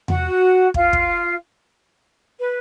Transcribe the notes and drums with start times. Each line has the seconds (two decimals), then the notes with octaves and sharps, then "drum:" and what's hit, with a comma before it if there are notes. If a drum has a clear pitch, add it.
0.08 F#4 F#5, drum: tom E2
0.74 F4 F5, drum: kick
0.93 drum: kick
2.38 B4